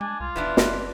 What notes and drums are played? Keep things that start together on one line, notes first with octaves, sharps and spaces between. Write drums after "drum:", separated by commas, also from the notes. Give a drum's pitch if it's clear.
G#3 D4 G#5
C2 F4
D#1 E3 B3 D4 E4
F#1, drum: snare